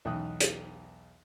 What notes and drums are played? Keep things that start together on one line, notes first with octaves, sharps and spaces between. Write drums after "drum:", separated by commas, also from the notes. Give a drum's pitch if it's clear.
B1 E2 D#4 G5 D#6 F#6
drum: hi-hat